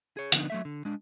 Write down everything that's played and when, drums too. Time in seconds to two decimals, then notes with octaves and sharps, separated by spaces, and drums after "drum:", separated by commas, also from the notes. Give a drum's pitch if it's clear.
0.17 G#4 C#5
0.32 D3 F3 G#3 B3 D4 D#4, drum: hi-hat
0.50 F#3 A3 E5
0.65 D3
0.85 G#3 D4